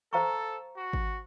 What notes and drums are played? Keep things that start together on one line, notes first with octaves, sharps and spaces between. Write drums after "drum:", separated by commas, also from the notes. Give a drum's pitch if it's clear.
A4 C5 F5 A#5 C#6
F#4
drum: kick G#1